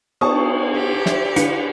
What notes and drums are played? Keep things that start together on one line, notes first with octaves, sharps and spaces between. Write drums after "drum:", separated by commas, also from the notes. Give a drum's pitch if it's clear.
B3 F#4 B4 A5 C#6 D#6, drum: cymbal
G4
C5 E5, drum: snare
D3 E4 B4 F5 C#7, drum: hi-hat